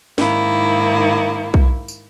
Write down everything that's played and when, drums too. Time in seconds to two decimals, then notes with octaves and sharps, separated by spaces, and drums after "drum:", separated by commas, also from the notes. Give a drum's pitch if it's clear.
0.18 G#2 D#3 A#3 E4, drum: snare
1.54 drum: kick B1
1.88 drum: tambourine